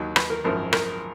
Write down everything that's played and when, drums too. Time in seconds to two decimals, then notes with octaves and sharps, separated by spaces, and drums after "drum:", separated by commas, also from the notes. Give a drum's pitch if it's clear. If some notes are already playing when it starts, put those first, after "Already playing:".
Already playing: D#2 D#3 F#3
0.16 B4, drum: rim click
0.30 A#4
0.44 G#1 F#2 F3 A#4
0.73 A#4, drum: rim click